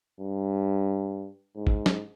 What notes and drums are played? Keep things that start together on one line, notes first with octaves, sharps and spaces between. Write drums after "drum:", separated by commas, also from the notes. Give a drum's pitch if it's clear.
G2
G#2
drum: kick
drum: snare